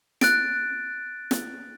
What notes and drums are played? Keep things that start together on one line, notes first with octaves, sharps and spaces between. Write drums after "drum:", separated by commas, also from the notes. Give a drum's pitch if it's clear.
F#6 A6 D7, drum: snare
drum: snare